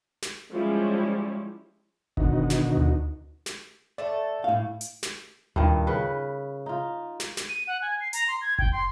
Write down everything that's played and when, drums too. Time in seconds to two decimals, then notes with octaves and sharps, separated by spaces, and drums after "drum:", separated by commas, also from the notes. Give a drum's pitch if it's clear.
0.22 drum: snare
0.51 F3 G3 G#3 C#4 E4
2.17 B2 D3 D#3 D#4 F#4, drum: kick F#1
2.50 drum: snare
2.77 drum: tom D2
3.46 drum: snare
3.98 A3 A4 D5
4.44 A2 F5
4.81 drum: hi-hat
5.03 drum: snare
5.56 G2 A#2 D#3, drum: tom D2
5.87 C#3 B4
6.66 D#4 F4
7.20 drum: snare
7.37 drum: snare
7.49 D#7
7.67 F#5
7.81 G#5
8.01 C7
8.13 A#5, drum: hi-hat
8.28 C6
8.41 G#6
8.59 G5, drum: kick F#1
8.72 C6